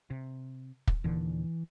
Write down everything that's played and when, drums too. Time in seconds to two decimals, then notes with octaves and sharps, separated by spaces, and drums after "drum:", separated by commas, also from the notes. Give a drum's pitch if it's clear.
0.10 C3
0.87 drum: kick
1.04 D#2 A#2 D3 E3